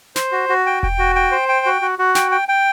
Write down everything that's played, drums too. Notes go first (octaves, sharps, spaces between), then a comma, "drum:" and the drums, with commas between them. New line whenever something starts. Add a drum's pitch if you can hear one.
C5, drum: snare
F#4
F#4
G5
G5, drum: kick E1
F#4
G5
C5
G5
F#4
F#4
F#4
G5, drum: snare
G5
G5